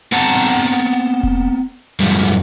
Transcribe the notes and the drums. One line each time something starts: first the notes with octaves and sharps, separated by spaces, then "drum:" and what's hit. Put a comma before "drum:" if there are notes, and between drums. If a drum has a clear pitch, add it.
B3 C4 F#5 A5 A#5
drum: kick E1
F#2 F3 G3 A3